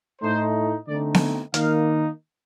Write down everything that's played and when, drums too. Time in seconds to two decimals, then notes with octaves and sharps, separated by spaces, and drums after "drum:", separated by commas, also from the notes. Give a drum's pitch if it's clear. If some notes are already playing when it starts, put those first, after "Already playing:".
0.22 A2 A3 D#4 C5
0.87 D3 A3 C4 D#4 D5
1.14 drum: snare B3
1.54 D#3 A#3 D#4 F5, drum: hi-hat